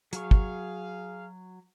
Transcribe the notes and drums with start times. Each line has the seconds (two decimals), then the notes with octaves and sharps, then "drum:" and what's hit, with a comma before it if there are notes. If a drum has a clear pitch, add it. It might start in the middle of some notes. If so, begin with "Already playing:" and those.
0.13 F#3 G#4 F5 C#6, drum: hi-hat
0.31 drum: kick